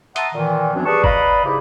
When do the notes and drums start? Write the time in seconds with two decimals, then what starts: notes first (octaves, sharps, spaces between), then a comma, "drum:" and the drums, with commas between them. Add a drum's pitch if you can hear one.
0.16 E5 F#5 A5 A#5 C6 D#6, drum: hi-hat
0.34 A#2 D#3 E3
0.74 F#2 F3 F#3 B3 C4 D4
0.86 G3 G4 G#4 B4 A5 C#6
1.04 B4 D5 D#5 F5 A#5 B5, drum: kick G1
1.44 G#2 C#3 E4 G4